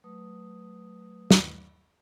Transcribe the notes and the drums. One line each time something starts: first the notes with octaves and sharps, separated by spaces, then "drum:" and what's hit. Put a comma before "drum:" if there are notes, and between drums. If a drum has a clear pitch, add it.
F#3 A3 B4 D#6
drum: snare